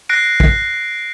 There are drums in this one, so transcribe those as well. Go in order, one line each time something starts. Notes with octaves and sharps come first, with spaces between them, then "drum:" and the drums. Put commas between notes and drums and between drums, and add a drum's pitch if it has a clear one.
F#6 A#6 C7 D7
drum: kick